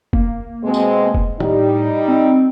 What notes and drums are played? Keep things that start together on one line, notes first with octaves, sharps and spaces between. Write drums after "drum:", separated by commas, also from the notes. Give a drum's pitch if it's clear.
A#3, drum: kick
B2 G#3 C4
drum: tambourine
drum: kick
A2 G3 D#4, drum: tom
C4